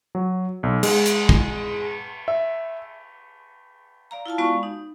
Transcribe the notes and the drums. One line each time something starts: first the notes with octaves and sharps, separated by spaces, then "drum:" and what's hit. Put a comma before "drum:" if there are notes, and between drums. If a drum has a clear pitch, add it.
F#3
B1
G#3, drum: cymbal
drum: hi-hat
drum: kick
E5
D5 F5 A#5
E4 F4 F5 A5
G#3 B3 F#4 D5 F5 C#6
D#4